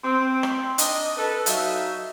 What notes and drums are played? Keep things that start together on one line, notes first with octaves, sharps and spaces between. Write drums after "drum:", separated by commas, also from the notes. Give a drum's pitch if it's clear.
C4
drum: rim click
D4 D#5, drum: hi-hat
A4 B4
F#3 D#4 E5 F5, drum: hi-hat